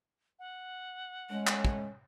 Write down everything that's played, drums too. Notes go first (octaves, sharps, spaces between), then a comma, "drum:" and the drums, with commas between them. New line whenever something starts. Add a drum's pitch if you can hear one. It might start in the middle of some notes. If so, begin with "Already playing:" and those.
F#5
G#3 A3 C#4
drum: clap
drum: kick